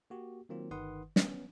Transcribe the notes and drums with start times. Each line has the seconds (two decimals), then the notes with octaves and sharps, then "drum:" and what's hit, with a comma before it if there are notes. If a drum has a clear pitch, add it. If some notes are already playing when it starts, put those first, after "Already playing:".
0.10 A#3 F#4 G4
0.49 D#3 F#3 A#3 C4 F4
0.71 G1 D#3 B4 F#5 C6 D#6
1.16 B3 C#4, drum: snare